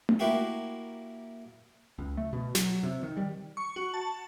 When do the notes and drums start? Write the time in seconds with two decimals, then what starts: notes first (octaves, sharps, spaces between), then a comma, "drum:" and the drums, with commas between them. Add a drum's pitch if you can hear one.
0.09 drum: tom A3
0.19 A#3 E4 F#4 G4
1.98 C#2
2.17 A3
2.33 B2
2.55 F#3, drum: snare
2.83 C3
3.03 D#3
3.17 G3
3.57 C#6
3.76 F#4
3.94 A5